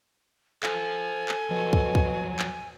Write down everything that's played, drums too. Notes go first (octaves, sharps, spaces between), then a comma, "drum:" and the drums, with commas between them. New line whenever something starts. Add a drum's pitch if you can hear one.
A4 C5 F5 G#5, drum: clap
drum: clap
B2 F3 F#3
drum: kick
drum: kick
drum: clap